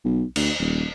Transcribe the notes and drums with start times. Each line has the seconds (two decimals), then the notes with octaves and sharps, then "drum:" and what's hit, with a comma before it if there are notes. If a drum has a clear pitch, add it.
0.05 B1
0.36 D2, drum: cymbal
0.59 D#1